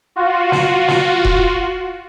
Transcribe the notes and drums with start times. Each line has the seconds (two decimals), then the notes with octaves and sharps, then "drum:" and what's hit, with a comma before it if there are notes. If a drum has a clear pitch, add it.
0.16 F4 F#4
0.52 drum: snare
0.88 drum: snare
1.25 drum: kick E1